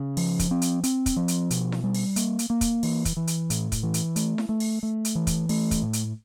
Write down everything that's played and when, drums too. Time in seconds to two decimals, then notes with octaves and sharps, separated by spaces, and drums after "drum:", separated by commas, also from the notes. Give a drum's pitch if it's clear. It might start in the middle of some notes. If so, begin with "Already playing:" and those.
Already playing: C#3
0.17 F3, drum: open hi-hat
0.39 drum: kick, hi-hat
0.51 C4
0.62 drum: hi-hat
0.84 C4, drum: hi-hat
1.06 drum: kick, hi-hat
1.16 F3
1.28 drum: hi-hat
1.50 B2, drum: hi-hat
1.72 drum: snare E4
1.84 G3
1.94 drum: open hi-hat
2.16 A#3, drum: hi-hat
2.39 drum: hi-hat
2.50 A#3
2.61 drum: kick, hi-hat
2.83 E3, drum: open hi-hat
3.05 drum: kick, hi-hat
3.17 E3
3.27 drum: hi-hat
3.50 A2, drum: hi-hat
3.72 drum: kick, hi-hat
3.83 E3
3.94 drum: hi-hat
4.16 A3, drum: hi-hat
4.38 drum: snare E4
4.49 A3
4.60 drum: open hi-hat
4.83 A3
5.05 drum: hi-hat
5.15 E3
5.27 drum: kick, hi-hat
5.49 A3, drum: open hi-hat
5.71 drum: kick, hi-hat
5.82 A2
5.93 drum: hi-hat